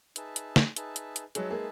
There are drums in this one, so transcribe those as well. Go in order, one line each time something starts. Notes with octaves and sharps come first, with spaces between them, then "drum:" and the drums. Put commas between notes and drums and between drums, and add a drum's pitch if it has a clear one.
D#4 G#4 B4 E5 A5, drum: hi-hat
drum: hi-hat
drum: snare
D#4 G#4 B4 E5 A5, drum: hi-hat
drum: hi-hat
drum: hi-hat
F#3 G#3 D#4 G#4 B4 E5 A5, drum: hi-hat
G#3 A#3